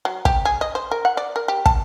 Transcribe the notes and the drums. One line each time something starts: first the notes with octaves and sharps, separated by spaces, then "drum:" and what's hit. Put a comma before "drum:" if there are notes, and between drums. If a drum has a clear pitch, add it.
F#3
G4, drum: kick
G#4
D#5
C5
A#4
F#5
D5
A#4
G4
A5, drum: kick